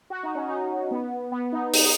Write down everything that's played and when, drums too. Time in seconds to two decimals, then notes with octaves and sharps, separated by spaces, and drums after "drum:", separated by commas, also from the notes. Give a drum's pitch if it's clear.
0.10 F#4
0.23 D#4
0.35 C#4
0.48 D#4
0.91 B3
1.32 B3
1.52 D#4
1.73 D#4, drum: open hi-hat